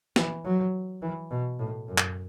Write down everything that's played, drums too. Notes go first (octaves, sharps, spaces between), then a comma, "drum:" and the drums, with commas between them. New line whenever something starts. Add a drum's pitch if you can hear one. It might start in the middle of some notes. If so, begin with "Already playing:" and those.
E3, drum: snare
F#3
E3
B2
A2
F#2
drum: clap